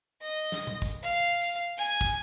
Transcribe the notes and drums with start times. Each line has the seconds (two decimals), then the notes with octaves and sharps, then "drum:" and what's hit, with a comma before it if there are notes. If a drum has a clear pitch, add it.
0.22 D#5, drum: tambourine
0.52 drum: snare
0.67 drum: tom B2
0.82 drum: kick, tambourine
1.03 F5
1.41 drum: tambourine
1.77 G#5
2.01 drum: kick, tambourine